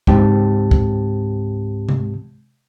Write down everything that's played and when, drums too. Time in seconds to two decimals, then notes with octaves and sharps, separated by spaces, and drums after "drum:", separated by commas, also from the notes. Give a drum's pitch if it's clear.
0.07 C#2 G#2 C4 G4 A5, drum: kick
0.71 drum: kick
1.89 drum: tom C3